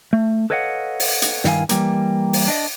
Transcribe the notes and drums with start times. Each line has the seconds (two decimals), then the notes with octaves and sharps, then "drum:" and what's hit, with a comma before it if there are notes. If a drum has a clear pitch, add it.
0.13 A3
0.50 A4 B4 C#5 D#5 F5 F#5
1.00 drum: open hi-hat
1.22 drum: hi-hat
1.44 G2 D#3 E4 F5 G#5, drum: snare
1.69 E3 G3 A#3, drum: hi-hat
2.33 drum: open hi-hat
2.48 D4 D#5